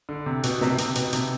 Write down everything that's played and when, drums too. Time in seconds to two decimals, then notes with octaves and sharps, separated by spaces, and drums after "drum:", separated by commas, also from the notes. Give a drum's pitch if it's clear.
0.09 D3
0.26 C3
0.43 B2, drum: hi-hat
0.61 C3, drum: snare
0.78 C3, drum: hi-hat
0.95 B2, drum: hi-hat
1.13 C3, drum: hi-hat